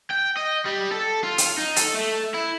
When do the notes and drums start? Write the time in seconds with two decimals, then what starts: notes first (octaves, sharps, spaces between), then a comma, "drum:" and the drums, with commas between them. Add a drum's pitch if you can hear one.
0.11 G5
0.37 D#5
0.65 G3
0.91 A4
1.23 F4
1.38 drum: hi-hat
1.58 D#4
1.76 A4, drum: hi-hat
1.94 A3
2.34 E4